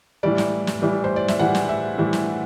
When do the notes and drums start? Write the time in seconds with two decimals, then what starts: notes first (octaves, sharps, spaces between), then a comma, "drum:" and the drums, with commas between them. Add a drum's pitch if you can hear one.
0.23 A2 E3 G3 D5
0.38 drum: snare
0.67 drum: snare
0.82 A2 E3 G3
1.04 C5
1.16 D5
1.28 E5, drum: snare
1.39 A2 E3 G3 F#5
1.55 drum: snare
1.69 E5
1.98 A2 E3 G3
2.13 drum: snare